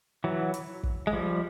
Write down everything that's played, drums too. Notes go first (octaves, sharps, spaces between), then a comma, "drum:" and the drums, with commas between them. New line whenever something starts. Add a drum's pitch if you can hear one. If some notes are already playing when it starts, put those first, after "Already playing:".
E3 F#3
drum: hi-hat
drum: kick
G#3
F3 G3